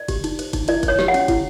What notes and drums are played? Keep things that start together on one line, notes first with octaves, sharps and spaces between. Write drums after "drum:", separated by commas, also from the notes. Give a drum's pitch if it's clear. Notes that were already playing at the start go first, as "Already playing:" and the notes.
Already playing: D5
G4, drum: kick, cymbal
D#4, drum: cymbal
C5, drum: cymbal
D#4, drum: kick, cymbal
E4 D5, drum: cymbal
C5, drum: kick, cymbal
C#5
G4, drum: snare
F#5
C#4, drum: cymbal
E4, drum: kick, cymbal